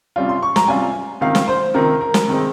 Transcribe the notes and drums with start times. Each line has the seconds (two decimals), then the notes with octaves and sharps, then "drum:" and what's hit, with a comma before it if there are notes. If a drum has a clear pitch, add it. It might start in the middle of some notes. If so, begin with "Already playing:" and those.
0.16 C3 G3 C#4 F4
0.29 C6
0.43 C#6
0.56 A#5, drum: snare
0.68 C3 G3 C#4 F4 G#5
1.21 C#2 C3 D#3 F5
1.35 drum: snare
1.48 C5
1.74 C#2 C3 D#3 A#4
2.01 A#4
2.14 drum: snare
2.27 C3 D#3 G#3 C4